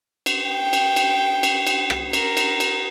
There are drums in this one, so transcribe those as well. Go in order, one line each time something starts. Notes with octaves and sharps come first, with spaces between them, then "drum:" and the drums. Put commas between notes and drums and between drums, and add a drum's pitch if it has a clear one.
drum: cymbal
G5
drum: cymbal
drum: cymbal
drum: cymbal
drum: cymbal
drum: rim click
A#4, drum: cymbal
drum: cymbal
drum: cymbal